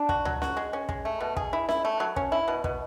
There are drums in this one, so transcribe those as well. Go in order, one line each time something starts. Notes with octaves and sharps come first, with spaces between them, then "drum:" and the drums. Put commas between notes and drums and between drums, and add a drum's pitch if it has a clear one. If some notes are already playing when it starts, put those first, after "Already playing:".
Already playing: D4
F#4, drum: kick
F#3, drum: tom C#2
F#4, drum: snare C#4
G#3
C#4
G#3, drum: kick
A3
B2
G#4, drum: kick
E4
E4, drum: snare C#4
A3
F#3
C#4, drum: kick
E4
B2
B2, drum: kick